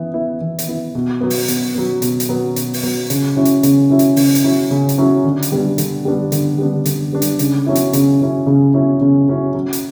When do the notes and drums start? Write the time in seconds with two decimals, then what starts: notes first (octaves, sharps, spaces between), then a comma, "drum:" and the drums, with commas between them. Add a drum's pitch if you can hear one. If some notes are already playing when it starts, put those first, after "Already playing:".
Already playing: E3 B3 E4
0.14 B3 E4
0.41 E3
0.59 drum: hi-hat
0.68 B3 E4
0.95 B2
1.21 F#3 B3
1.30 drum: open hi-hat
1.48 B2, drum: hi-hat
1.75 F#3 B3
2.02 B2, drum: hi-hat
2.20 drum: hi-hat
2.29 F#3 B3
2.56 B2, drum: hi-hat
2.74 drum: open hi-hat
2.83 F#3 B3
3.10 C#3, drum: hi-hat
3.36 F#3 C#4 E4
3.45 drum: hi-hat
3.63 C#3, drum: hi-hat
3.90 F#3 C#4 E4
3.99 drum: hi-hat
4.16 C#3, drum: open hi-hat
4.35 drum: hi-hat
4.44 F#3 C#4 E4
4.71 C#3
4.89 drum: hi-hat
4.98 F#3 C#4 E4
5.25 D3
5.42 drum: hi-hat
5.52 G3 B3 D4
5.78 D3, drum: hi-hat
6.05 G3 B3 D4
6.32 D3, drum: hi-hat
6.58 G3 B3 D4
6.86 D3, drum: hi-hat
7.13 G3 B3 D4
7.22 drum: hi-hat
7.39 C#3, drum: hi-hat
7.66 F#3 C#4 E4
7.75 drum: hi-hat
7.93 C#3, drum: hi-hat
8.21 F#3 C#4 E4
8.47 C#3
8.74 F#3 C#4 E4
9.01 C#3
9.28 F#3 C#4 E4
9.54 F#3
9.73 drum: hi-hat